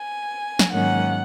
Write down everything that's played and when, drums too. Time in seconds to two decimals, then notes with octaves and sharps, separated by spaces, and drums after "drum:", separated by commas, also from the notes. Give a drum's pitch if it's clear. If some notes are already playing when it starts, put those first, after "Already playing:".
Already playing: G#5
0.59 drum: snare
0.72 G#2 D#3 F#3 A#3 C#4 F#5